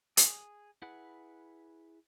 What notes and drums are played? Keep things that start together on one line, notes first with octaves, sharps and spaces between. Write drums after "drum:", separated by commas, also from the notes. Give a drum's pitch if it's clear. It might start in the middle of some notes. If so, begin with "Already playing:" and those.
G#4, drum: hi-hat
E4 G#4 B4 F#5